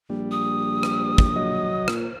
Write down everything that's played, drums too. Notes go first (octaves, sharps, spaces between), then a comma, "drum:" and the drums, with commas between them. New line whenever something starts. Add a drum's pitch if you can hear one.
A#1 G3
D#6
drum: rim click
drum: kick
F#3 D#5
A#2, drum: rim click